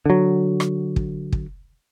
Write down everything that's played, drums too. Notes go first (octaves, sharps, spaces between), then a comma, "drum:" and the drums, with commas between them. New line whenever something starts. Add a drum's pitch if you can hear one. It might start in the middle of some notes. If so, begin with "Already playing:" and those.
D3 F#3
drum: rim click
drum: kick
drum: kick